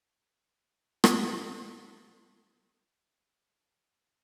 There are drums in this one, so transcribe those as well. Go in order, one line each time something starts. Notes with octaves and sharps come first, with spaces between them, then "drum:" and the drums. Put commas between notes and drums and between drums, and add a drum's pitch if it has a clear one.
G3 G#3 B5
G4 A#4 B4 G5
drum: rim click
F4 G4
D4 G4
F#4 G#4
A4